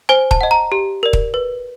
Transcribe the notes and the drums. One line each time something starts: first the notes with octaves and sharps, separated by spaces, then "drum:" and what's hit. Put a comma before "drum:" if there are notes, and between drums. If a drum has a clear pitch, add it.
C5 G#5
A5, drum: kick
D#5 F#5
A#5
G4
A#4 D5
drum: kick
B4